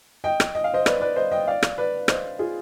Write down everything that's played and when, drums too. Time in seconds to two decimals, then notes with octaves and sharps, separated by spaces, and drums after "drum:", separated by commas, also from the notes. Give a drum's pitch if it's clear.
0.24 D#5 G5
0.40 drum: rim click
0.55 D#5
0.64 F5
0.74 C5 D#5
0.86 B4 D5, drum: rim click
1.01 B4 D5
1.16 C5 D#5
1.32 D#5 G5
1.47 D5 F5
1.63 drum: rim click
1.78 B4 D5
2.08 C5 D#5, drum: rim click
2.39 F4 G#4